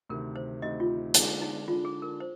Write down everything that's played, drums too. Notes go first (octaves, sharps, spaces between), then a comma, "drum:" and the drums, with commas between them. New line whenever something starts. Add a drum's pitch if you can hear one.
D2 C3 D#3 A#4
C5
D2 C3 D#3 D#5
F4
D3 G#3 D4 D#4, drum: hi-hat
D#4
D3 G#3 D4 F4
G#4
A#4
C5